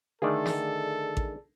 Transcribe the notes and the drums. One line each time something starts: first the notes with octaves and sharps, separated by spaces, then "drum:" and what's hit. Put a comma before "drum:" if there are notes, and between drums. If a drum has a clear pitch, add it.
D3 D#3 A3 G#4 A4 D5
drum: snare
drum: kick A1